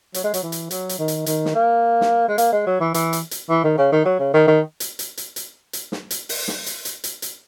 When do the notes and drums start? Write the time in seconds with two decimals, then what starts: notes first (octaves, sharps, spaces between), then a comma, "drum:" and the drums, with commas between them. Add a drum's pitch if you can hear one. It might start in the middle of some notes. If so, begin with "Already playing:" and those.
0.14 F#3, drum: hi-hat
0.24 G#3
0.34 F#3, drum: hi-hat
0.43 E3
0.52 drum: hi-hat
0.71 F#3, drum: hi-hat
0.89 drum: hi-hat
0.99 D#3
1.08 drum: hi-hat
1.26 D#3, drum: hi-hat
1.45 drum: snare
1.55 A#3
2.01 drum: snare
2.28 G#3
2.38 A#3, drum: hi-hat
2.52 G#3
2.66 F#3
2.80 E3
2.94 E3, drum: hi-hat
3.13 drum: hi-hat
3.31 drum: hi-hat
3.50 E3
3.64 D#3
3.78 C#3
3.92 D#3
4.05 F#3
4.19 C#3
4.34 D#3
4.48 D#3
4.80 drum: hi-hat
4.99 drum: hi-hat
5.17 drum: hi-hat
5.36 drum: hi-hat
5.73 drum: hi-hat
5.92 drum: snare
6.11 drum: hi-hat
6.29 drum: open hi-hat
6.48 drum: snare
6.66 drum: hi-hat
6.85 drum: hi-hat
7.04 drum: hi-hat
7.22 drum: hi-hat